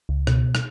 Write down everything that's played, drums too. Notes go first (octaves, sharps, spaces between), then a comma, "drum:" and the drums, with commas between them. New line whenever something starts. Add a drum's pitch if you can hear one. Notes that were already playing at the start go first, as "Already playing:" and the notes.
C#2
B2, drum: rim click
drum: rim click